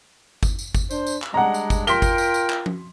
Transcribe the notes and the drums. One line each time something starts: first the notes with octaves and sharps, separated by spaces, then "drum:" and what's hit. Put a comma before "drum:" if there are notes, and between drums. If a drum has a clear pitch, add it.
drum: kick G1, tambourine
drum: tambourine
drum: kick G1, tambourine
D4 C5, drum: tambourine
drum: tambourine
drum: clap
G3 G#3 D4 F#5 A#5
drum: tambourine
drum: kick G1, tambourine
F4 A#4 G5 C6 B6 G7, drum: tambourine
drum: kick G1, tambourine
drum: tambourine
drum: tambourine
drum: clap
drum: tom F3